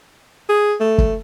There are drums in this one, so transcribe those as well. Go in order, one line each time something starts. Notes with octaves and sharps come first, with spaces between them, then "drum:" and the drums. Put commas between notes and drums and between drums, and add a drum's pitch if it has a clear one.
G#4
A3
drum: kick